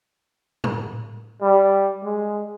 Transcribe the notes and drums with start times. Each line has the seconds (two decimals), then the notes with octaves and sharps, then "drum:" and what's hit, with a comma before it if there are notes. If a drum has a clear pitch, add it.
0.64 drum: tom A2
1.42 G3
2.02 G#3